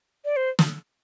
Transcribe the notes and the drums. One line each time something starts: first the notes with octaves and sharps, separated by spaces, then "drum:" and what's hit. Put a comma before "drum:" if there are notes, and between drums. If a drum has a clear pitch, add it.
D5
C5
drum: snare